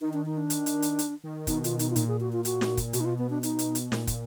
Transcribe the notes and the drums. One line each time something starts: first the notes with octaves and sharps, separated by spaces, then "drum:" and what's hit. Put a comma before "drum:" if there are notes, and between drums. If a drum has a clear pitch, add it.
D#3 D#4
D4
D#4
D4
drum: hi-hat
drum: hi-hat
drum: hi-hat
drum: hi-hat
D#3
B2 D#4, drum: kick, hi-hat
F4, drum: hi-hat
D#4, drum: hi-hat
F4
A#2 D#4, drum: hi-hat
G#4
F#4
F4
F#4, drum: hi-hat
drum: snare
drum: kick, hi-hat
A#2
B2 F#4, drum: hi-hat
D#4
F4
B3
D4
D#4, drum: hi-hat
drum: hi-hat
drum: hi-hat
A#2, drum: snare
drum: kick, hi-hat